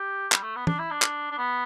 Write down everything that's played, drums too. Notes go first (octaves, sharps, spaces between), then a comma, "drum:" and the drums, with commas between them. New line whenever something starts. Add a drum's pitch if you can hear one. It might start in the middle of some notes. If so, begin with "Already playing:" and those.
Already playing: G4
G3, drum: clap
A3
B3
D4, drum: tom
E4
D4
drum: clap
D4
B3